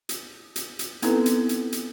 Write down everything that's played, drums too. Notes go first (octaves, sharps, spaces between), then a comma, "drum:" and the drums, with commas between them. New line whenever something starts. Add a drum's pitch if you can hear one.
drum: hi-hat
drum: hi-hat
drum: hi-hat
B3 C4 D#4 E4 A4 B4, drum: hi-hat
drum: hi-hat
drum: hi-hat
drum: hi-hat